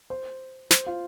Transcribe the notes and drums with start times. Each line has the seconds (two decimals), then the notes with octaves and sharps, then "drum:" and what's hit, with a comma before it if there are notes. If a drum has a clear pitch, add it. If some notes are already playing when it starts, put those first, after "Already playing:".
0.10 C5
0.71 C5, drum: snare
0.86 F4